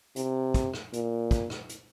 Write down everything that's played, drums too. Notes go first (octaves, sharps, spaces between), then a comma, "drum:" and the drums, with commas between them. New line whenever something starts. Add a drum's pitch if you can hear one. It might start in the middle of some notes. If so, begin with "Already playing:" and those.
C3, drum: hi-hat
drum: kick, hi-hat
drum: rim click
A#2, drum: hi-hat
drum: kick, hi-hat
drum: rim click
drum: hi-hat